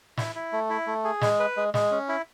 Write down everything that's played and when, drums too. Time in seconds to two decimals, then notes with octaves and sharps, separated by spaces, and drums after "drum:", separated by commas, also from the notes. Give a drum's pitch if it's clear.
0.17 E4, drum: snare
0.35 E4
0.53 A3
0.70 E4
0.87 A3
1.04 G#4
1.21 G#3, drum: snare
1.39 B4
1.57 G#3
1.74 G#3, drum: snare
1.91 C#4
2.09 E4